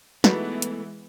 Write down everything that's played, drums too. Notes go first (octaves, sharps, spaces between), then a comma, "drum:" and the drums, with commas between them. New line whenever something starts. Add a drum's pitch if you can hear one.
E3 G#3 A3 B3 D#4 F#4 B4, drum: snare
drum: hi-hat